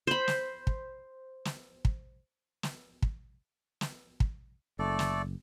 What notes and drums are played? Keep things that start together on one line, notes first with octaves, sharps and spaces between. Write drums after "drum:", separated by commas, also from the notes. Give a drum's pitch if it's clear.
C5 B5
drum: snare
drum: kick
drum: snare
drum: kick
drum: snare
drum: kick
drum: snare
drum: kick
F#1 A3 A4 D5
drum: snare